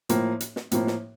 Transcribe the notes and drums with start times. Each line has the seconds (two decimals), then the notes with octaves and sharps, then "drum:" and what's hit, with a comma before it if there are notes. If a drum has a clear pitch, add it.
0.09 A2 F3 A#3, drum: hi-hat
0.40 drum: hi-hat
0.56 drum: snare
0.72 A2 F3 A#3, drum: hi-hat
0.87 drum: snare